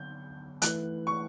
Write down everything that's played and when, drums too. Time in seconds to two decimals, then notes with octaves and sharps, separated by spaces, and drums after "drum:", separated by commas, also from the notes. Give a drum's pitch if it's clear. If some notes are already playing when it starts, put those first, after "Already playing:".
Already playing: D3 F#3 B3 G6
0.62 E3 A3 E4 B4 F#6, drum: hi-hat
1.07 C#6